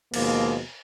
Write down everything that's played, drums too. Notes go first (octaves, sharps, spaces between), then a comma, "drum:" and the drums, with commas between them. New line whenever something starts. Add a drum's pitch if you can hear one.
D#2 B2 F3 G#3 A#3, drum: cymbal